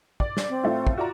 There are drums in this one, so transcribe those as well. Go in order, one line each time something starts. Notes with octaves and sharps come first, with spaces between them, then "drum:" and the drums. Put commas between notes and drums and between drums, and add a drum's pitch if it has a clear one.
D5, drum: kick
drum: snare
C4
A2 A3 F4
drum: kick
F4 F#4 D5 A#5